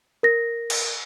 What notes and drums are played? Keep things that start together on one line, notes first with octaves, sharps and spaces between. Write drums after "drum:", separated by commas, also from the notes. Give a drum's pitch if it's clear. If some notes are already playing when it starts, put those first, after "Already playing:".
A#4 A#6
drum: cymbal